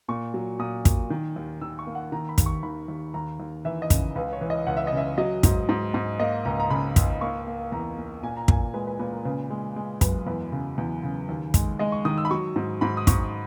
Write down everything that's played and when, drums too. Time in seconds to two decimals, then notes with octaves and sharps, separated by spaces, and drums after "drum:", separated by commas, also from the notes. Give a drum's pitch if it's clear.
0.08 A#2 C#6
0.34 F#3
0.59 A#2 D#6
0.85 A#2, drum: kick, hi-hat
1.10 D#3
1.36 D#2
1.61 D#3 E6
1.79 C#6
1.87 A#3
1.95 F#5
2.12 D#3 A#5
2.29 B5
2.38 D#2, drum: kick, hi-hat
2.46 C#6
2.63 D#2 B5
2.88 D#2
3.14 D#2 A#5
3.40 D#2
3.65 E3 E5
3.82 D#5
3.90 C#3, drum: kick, hi-hat
4.16 C#2 B4
4.33 C#5
4.41 E3
4.50 D#5
4.67 C#2 F#5
4.77 E5
4.87 D#5
4.92 C#3 E5
5.18 F#3 D#5
5.43 G#2, drum: kick, hi-hat
5.69 G#2
5.94 G#2
6.20 A#3 D#5
6.45 C#2 A#5
6.60 A#5
6.70 C#3 B5
6.96 C#2, drum: kick, hi-hat
7.21 A#3 C#6
7.47 A#3
7.72 E2 A#5
7.98 A#3
8.23 A#2 G#5
8.37 A#5
8.48 A#2 G#5, drum: kick
8.74 G#3 B4
8.87 B4
8.99 A#2 B4
9.12 A#4
9.25 C#3 B4
9.50 G#3
9.76 G#3
10.01 F#2 B4, drum: kick, hi-hat
10.27 E2 B4
10.52 C#3
10.78 E2
11.03 C#3
11.29 D#2
11.54 G#3, drum: kick, hi-hat
11.79 G#3 D#5
11.92 C#6
12.05 D#3 D#6
12.18 E6
12.25 B5
12.31 F#3 C#6
12.56 G#2
12.81 G#2 B5
12.97 D#6
13.07 G#2 C#6, drum: kick, hi-hat